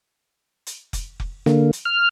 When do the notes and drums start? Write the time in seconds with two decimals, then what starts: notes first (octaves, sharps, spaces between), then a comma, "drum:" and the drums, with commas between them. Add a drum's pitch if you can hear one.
0.66 drum: hi-hat
0.93 drum: kick F1, hi-hat
1.20 drum: kick F1
1.46 D3 A#3, drum: snare
1.73 drum: hi-hat
1.85 F6